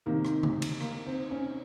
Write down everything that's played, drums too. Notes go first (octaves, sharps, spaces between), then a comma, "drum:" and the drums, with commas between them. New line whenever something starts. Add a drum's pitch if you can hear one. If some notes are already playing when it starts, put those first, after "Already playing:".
C3 D#3 A#3
drum: rim click
drum: tom C#3
drum: cymbal
A#3, drum: rim click
C4
C#4